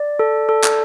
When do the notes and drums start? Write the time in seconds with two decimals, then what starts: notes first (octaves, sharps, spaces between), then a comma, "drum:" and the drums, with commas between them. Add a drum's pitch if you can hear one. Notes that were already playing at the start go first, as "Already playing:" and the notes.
Already playing: D5
0.19 A4
0.49 A4
0.64 drum: clap